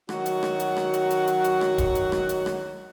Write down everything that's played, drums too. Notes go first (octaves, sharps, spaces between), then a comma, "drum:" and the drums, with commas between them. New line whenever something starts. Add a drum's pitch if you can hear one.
D#3 F#3 F#4, drum: rim click
drum: hi-hat
drum: rim click
drum: hi-hat
drum: rim click
drum: hi-hat
drum: hi-hat
drum: hi-hat
drum: hi-hat
drum: rim click
drum: kick D#1, hi-hat
drum: hi-hat
drum: rim click
drum: hi-hat
drum: rim click